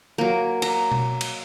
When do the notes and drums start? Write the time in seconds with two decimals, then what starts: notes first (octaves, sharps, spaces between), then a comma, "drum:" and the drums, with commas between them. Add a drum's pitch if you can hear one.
0.18 F#3 A#3
0.62 A#5, drum: cymbal
0.92 drum: tom B2
1.21 drum: cymbal